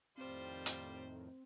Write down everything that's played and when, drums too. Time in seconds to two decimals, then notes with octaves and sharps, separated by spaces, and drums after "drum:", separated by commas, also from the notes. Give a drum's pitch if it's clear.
0.17 F2 A2 D#3 G3 C4 F4 C5
0.66 drum: hi-hat